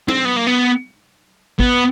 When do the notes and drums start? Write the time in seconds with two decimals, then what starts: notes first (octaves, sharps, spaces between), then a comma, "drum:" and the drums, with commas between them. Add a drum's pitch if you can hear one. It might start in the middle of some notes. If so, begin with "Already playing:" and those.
0.08 C4, drum: tom
0.25 B3
0.37 A#3
0.47 B3
1.60 B3, drum: kick